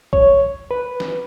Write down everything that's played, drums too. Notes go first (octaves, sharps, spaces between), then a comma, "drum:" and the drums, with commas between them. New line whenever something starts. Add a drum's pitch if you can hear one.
C#5, drum: kick
B4
drum: snare